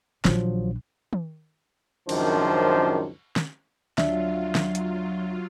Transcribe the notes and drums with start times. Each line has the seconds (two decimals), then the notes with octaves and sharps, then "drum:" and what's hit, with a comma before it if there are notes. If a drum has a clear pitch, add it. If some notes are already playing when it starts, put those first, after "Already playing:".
0.25 A#1 D#3 F3 F#3 D4, drum: snare
1.13 drum: tom
2.09 C#2 F#2 D#3 F3 D4 C5, drum: cymbal
3.36 drum: snare
3.98 D2 F#3 D4 F4 E5, drum: snare
4.55 drum: snare
4.75 drum: hi-hat